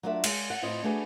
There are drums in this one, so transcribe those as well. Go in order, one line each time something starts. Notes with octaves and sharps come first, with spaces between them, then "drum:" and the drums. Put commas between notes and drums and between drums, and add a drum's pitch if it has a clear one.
F#3 A3 D4 F4 A#4 E5
G#3, drum: cymbal
F#5
A2 C4 F4 D#5
A3 D4 F#4 G#4 B4